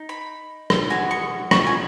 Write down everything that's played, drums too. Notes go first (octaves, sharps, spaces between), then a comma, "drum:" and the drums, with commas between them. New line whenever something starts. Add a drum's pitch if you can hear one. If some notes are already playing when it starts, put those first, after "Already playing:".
Already playing: D#4
B5
drum: rim click
B3 F#4 G#5
C#6
C#6, drum: rim click
G#5